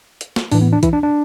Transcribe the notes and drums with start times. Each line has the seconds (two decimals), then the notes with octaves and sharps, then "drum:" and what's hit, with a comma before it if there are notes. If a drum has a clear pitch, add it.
0.21 drum: hi-hat
0.36 drum: snare
0.52 A2 E3 D4, drum: open hi-hat
0.61 B3
0.73 D4
0.83 E3 E4, drum: kick B1, hi-hat
0.93 D4
1.03 D4